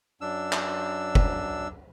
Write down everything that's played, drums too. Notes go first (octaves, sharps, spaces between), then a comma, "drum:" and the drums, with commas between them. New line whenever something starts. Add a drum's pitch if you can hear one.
F#2 D4 E6
drum: clap
drum: kick